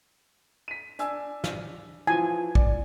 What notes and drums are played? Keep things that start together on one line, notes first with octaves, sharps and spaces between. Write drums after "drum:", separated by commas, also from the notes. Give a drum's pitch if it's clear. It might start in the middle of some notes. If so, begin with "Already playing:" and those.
B6 D#7
D4 G#5 E6, drum: hi-hat
drum: snare
E3 F3 G#5
D5, drum: kick